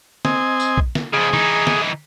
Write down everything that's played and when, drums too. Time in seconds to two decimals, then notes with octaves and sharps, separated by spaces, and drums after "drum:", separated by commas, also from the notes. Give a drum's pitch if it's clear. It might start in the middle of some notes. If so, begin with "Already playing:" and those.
0.25 C4 D#5 G#5, drum: snare
0.60 drum: tambourine
0.78 drum: kick A#1
0.95 drum: snare
1.13 C#3 F3 G#4 D#5
1.33 E3 D#4, drum: tom
1.67 drum: snare